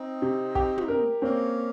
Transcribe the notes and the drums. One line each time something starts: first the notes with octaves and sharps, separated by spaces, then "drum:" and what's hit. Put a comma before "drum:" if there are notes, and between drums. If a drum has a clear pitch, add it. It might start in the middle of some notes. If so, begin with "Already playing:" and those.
Already playing: C4 D#4
C3
G4, drum: kick
drum: tom
A#4
A#3 C4 C#4